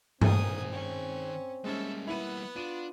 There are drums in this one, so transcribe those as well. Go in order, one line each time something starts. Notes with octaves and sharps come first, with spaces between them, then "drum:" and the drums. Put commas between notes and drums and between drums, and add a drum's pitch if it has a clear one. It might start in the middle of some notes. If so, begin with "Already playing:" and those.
D#3 C4 G#4 G#5 D#6, drum: tom G2
C#4
G3 G#3 A#3 C#4 A4 E5
B3 E4 F#5 D#7
D4 F4 D#7